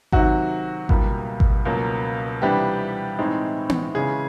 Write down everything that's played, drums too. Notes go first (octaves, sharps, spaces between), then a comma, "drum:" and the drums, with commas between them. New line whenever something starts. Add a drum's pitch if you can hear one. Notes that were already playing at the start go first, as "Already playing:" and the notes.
C3 D#3 F#3 F#4, drum: kick G#1
C#2 B2 G3 A#3, drum: kick G#1
drum: kick G#1
C#2 B2 F#3 A#3 C#4
C3 E3 G3 B3 D4 G4
A2 E3 G#3 C4 D#4
drum: tom B3
C#3 E3 G#3 C#4 G#4